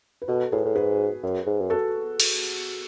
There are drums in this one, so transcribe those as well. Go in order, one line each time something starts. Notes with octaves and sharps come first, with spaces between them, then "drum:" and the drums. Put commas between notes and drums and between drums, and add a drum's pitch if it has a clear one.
B4
B2 F#4 A4
A2 G#4 B4
A2
G#2 G#4 B4
F#2
G#2
F#2
F#4 A4
drum: cymbal